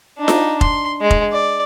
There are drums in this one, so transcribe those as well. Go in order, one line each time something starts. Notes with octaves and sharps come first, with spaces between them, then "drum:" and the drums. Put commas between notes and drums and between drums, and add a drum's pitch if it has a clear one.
D4 D#4
drum: snare F4
C6, drum: kick
G#3
drum: kick
D5